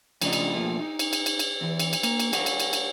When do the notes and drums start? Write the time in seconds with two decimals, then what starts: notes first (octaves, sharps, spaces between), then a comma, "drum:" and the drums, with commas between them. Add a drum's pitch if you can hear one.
0.22 F2 A2 C#3 D4 F4 D#5, drum: cymbal
0.33 drum: cymbal
0.54 B2 F3 A3 A#3
0.79 D#4
0.99 drum: cymbal
1.13 drum: cymbal
1.26 drum: cymbal
1.39 drum: cymbal
1.61 E2 E3
1.79 drum: cymbal
1.93 drum: cymbal
2.03 A#3, drum: cymbal
2.20 drum: cymbal
2.33 G4 A#4 C#5 F5 F#5, drum: cymbal
2.46 drum: cymbal
2.60 drum: cymbal
2.73 drum: cymbal